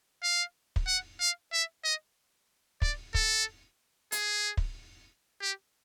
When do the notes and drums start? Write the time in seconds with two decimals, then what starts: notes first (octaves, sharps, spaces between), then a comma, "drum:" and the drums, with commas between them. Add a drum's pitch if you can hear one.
0.23 F5
0.76 drum: kick
0.87 F#5
1.20 F5
1.53 E5
1.84 D#5
2.82 D5, drum: kick
3.14 A4, drum: kick
4.12 G#4, drum: hi-hat
4.57 drum: kick
5.42 G4